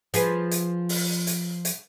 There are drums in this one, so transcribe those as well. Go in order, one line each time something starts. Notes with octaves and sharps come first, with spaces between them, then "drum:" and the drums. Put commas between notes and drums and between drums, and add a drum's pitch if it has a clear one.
F3 G#4 B4, drum: hi-hat
drum: hi-hat
drum: open hi-hat
drum: hi-hat
drum: hi-hat